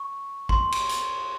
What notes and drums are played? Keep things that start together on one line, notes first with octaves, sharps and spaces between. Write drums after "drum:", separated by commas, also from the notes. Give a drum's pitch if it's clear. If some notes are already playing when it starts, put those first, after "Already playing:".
Already playing: C#6
C6, drum: kick
drum: cymbal
drum: hi-hat